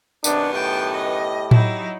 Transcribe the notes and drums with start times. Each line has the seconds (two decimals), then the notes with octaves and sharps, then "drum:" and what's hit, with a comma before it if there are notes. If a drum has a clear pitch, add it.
0.24 F#2 C3 D#3 B3 D4, drum: tambourine
0.54 A2 G4 G5 A5
0.93 D#5
1.51 F#3 D#4 E4, drum: tom A2